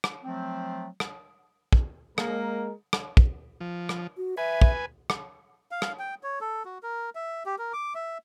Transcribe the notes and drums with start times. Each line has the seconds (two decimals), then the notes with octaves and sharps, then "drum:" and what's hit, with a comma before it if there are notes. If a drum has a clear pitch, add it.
0.04 drum: rim click
0.24 F3 F#3 A3 C4
1.00 drum: rim click
1.72 drum: kick
2.18 G#3 A#3 A#4, drum: rim click
2.93 drum: rim click
3.17 drum: kick
3.61 F3
3.89 drum: rim click
4.17 F#4
4.37 B4 E5 G#5
4.61 drum: kick
5.10 drum: rim click
5.71 F5
5.82 drum: rim click
5.99 G5
6.23 C#5
6.41 A4
6.65 F#4
6.83 A#4
7.15 E5
7.46 G4
7.58 A#4
7.73 D6
7.95 E5